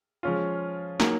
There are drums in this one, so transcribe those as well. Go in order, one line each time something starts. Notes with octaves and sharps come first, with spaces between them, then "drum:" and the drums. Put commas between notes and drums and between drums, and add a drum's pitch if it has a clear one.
F3 G#3 C#4 F4
F#3 A#3 D#4, drum: snare